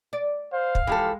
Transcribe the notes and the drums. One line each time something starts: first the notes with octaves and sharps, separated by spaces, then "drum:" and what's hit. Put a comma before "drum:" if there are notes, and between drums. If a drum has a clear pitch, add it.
D5
C5 F5
drum: kick
E3 F3 G#3 G4 A4